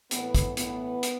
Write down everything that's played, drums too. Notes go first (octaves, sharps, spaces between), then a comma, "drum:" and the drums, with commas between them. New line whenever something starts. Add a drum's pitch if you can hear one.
A2 E3 B3, drum: hi-hat
drum: kick, hi-hat
A2 E3 B3, drum: hi-hat
drum: hi-hat